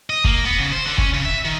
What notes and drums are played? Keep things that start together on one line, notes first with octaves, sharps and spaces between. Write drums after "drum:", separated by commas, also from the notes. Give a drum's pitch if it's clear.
D#5
A#3, drum: kick
B3
C#3
C5
D3
C#4, drum: kick
C#3
E5
D#3